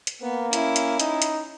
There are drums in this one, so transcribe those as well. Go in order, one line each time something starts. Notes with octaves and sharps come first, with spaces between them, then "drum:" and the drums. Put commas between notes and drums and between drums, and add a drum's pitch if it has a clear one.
drum: hi-hat
A#3 B3
C#4 E4, drum: hi-hat
drum: hi-hat
D#4, drum: hi-hat
drum: hi-hat